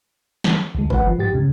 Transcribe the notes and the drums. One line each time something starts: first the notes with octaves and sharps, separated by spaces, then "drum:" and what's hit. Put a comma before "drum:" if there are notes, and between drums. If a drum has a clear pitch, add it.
drum: snare
D2 G#3
B4 F#5, drum: kick F#1
F3
G#2 G4 A6
D#2 C#3